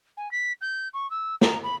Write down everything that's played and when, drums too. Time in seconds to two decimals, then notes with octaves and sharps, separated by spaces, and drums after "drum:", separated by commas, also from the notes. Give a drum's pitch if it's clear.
0.17 G#5
0.31 B6
0.61 G6
0.94 C#6
1.11 E6
1.41 A#5, drum: snare
1.63 B5